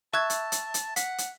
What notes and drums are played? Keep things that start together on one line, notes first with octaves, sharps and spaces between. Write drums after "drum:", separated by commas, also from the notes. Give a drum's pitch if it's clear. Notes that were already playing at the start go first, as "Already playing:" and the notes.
E5 A5 C#6 F#6 G#6
drum: hi-hat
drum: hi-hat
drum: hi-hat
F#5 B6, drum: hi-hat
drum: hi-hat